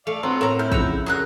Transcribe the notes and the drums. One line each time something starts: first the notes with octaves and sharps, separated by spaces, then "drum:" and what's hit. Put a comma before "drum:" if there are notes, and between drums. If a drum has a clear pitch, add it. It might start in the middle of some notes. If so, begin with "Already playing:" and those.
A3 D5 F5
F#3 B3 C4 F4 A#5 E6 F#6
A2 E4 A#4 A#5
E4 F6 G6
F2 C#3 F3 B4 F#5 A#5 E6, drum: kick
F#3 G#4 A#4 F#6